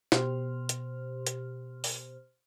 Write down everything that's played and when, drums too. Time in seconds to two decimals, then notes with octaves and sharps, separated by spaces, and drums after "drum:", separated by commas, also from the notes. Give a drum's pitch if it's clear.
0.12 B2 G4 C5 C6 F6, drum: snare
0.69 drum: hi-hat
1.27 drum: hi-hat
1.84 drum: open hi-hat